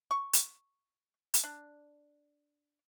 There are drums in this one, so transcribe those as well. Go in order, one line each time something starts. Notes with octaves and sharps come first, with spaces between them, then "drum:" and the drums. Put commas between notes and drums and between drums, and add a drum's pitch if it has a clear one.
C#6
drum: hi-hat
drum: hi-hat
D4